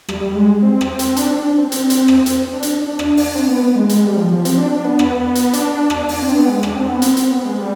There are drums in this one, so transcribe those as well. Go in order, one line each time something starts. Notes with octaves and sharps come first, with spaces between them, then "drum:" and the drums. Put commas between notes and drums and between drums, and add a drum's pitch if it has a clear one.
G3, drum: rim click
G3
G#3
C4
drum: rim click
drum: hi-hat
D4, drum: hi-hat
D4
C4
drum: hi-hat
drum: hi-hat
drum: rim click
C4, drum: hi-hat
C4
D4
drum: hi-hat
D4
drum: rim click
drum: open hi-hat
D4
C4
B3
B3
G#3
G#3, drum: hi-hat
G3
F3
F3
C4, drum: hi-hat
D4
D4
B3
drum: rim click
drum: hi-hat
D4, drum: hi-hat
drum: rim click
D4, drum: open hi-hat
C4
B3
G#3
D4, drum: rim click
C4
B3
C4, drum: hi-hat
C4, drum: hi-hat
B3
G#3
G3